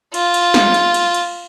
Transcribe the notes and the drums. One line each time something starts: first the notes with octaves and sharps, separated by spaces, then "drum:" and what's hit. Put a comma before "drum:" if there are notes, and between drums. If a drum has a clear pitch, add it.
F4, drum: cymbal
drum: cymbal
drum: snare
drum: cymbal
drum: cymbal
drum: cymbal